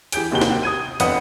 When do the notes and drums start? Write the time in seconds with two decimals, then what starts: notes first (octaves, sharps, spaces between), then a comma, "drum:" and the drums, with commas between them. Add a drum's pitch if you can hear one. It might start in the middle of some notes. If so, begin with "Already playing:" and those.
0.12 E3 G4 G#4 G6 D7, drum: hi-hat
0.31 F1 D#2 C3 F#4 G7
0.41 drum: snare
0.63 D#6 G#6 D#7
1.00 G1 F2 B4 F#5 D#6, drum: hi-hat